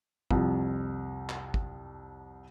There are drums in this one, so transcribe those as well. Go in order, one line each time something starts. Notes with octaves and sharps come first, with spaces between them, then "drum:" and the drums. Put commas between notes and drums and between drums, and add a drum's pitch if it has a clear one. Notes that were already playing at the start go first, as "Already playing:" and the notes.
C2 F2, drum: kick
drum: clap
drum: kick